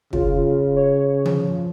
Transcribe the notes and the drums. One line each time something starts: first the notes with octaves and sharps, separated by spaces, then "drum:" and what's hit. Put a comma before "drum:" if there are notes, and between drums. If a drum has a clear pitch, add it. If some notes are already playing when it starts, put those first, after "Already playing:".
C#3 F4, drum: kick
C#5
F3, drum: tom D3